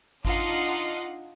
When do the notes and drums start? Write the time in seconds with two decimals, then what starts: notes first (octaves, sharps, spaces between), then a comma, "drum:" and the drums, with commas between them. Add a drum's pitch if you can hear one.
0.25 D4 D#4 F4 D#5 F5 F#5, drum: kick G#1